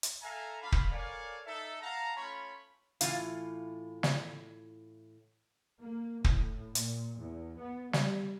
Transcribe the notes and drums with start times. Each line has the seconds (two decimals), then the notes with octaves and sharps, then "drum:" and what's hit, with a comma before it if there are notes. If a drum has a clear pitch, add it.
0.03 drum: hi-hat
0.22 A4 E5 F5 G#5 A#5
0.62 A3 D4 F4 F5 B5
0.72 drum: kick
0.91 A4 A#4 C#5 D5 F5 G#5
1.46 D#4 A4 E5
1.82 F5 F#5 A5 A#5
2.16 A3 C#4 F4 C#5 B5
3.01 A2 E3 F4 F5, drum: hi-hat
4.03 drum: snare
5.79 A#3
6.24 A2, drum: kick
6.75 A#2, drum: hi-hat
7.19 E2
7.59 B3
7.93 G3, drum: snare